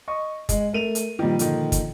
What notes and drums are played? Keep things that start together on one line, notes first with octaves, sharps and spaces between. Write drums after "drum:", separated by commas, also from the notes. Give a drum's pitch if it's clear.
D#5 C#6
G#3, drum: kick, hi-hat
A3 A#4 D#7 F7
drum: hi-hat
A#2 D#3 F3 G3
D3 D#3, drum: hi-hat
drum: kick, hi-hat